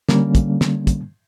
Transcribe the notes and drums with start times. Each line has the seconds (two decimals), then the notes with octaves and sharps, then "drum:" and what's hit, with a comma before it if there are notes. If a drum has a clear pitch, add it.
0.09 D3 G3 A#3 C#4, drum: snare
0.35 drum: kick, hi-hat
0.61 drum: snare
0.87 drum: kick, hi-hat